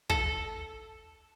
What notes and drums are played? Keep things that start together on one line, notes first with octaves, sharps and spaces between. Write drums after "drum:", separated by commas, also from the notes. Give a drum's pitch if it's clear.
A4, drum: kick